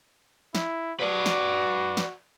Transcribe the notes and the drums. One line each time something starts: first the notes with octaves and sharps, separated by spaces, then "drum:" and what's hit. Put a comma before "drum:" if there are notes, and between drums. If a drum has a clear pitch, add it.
E4, drum: snare
F#4 B4 D5
drum: snare
drum: snare